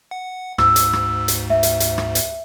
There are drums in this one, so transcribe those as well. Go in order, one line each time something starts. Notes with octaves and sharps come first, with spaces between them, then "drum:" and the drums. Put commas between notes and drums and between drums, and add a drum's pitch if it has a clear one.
F#5
D2 G#2 E6, drum: rim click
drum: hi-hat
drum: rim click
drum: hi-hat
E5
drum: hi-hat
drum: hi-hat
drum: rim click
drum: hi-hat